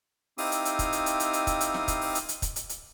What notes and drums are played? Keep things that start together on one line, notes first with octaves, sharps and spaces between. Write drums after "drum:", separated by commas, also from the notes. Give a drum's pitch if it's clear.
C4 D#4 E4 G4 F5 D#6, drum: open hi-hat
drum: hi-hat
drum: hi-hat
drum: kick, hi-hat
drum: hi-hat
drum: hi-hat
drum: hi-hat
drum: hi-hat
drum: kick, hi-hat
drum: hi-hat
drum: snare
drum: kick, hi-hat
drum: open hi-hat
drum: hi-hat
drum: hi-hat
drum: kick, hi-hat
drum: hi-hat
drum: hi-hat